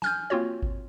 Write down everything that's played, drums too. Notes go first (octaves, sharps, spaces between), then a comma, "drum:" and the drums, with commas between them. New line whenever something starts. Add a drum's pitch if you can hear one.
G#5 F6 G6, drum: snare
A#3 C4 F4 F#4 C#5
drum: kick G#1